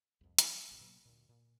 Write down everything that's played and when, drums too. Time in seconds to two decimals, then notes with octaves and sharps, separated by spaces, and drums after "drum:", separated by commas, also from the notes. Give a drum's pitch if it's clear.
0.21 C2 F2
0.39 E3 F#3 G3, drum: hi-hat
0.68 F1 B1 G#2 B2
0.81 B2 F#3 A#3
1.05 D2 A#2
1.29 A#2